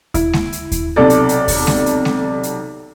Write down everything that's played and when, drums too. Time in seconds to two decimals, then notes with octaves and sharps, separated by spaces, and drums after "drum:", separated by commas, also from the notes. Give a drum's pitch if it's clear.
0.14 E4, drum: kick D#2, hi-hat
0.33 drum: snare G#3
0.52 drum: hi-hat
0.72 drum: kick D#2, hi-hat
0.96 B1 C3 A4 D5
1.10 drum: hi-hat
1.29 drum: hi-hat
1.48 drum: kick D#2, open hi-hat
1.67 drum: snare G#3
1.86 drum: hi-hat
2.05 drum: snare G#3
2.43 drum: hi-hat